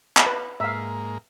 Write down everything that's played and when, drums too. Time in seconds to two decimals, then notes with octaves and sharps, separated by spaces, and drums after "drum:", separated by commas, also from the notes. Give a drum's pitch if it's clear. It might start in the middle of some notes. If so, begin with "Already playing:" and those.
0.17 drum: clap
0.26 B4
0.60 G#2 A#3 E5 F5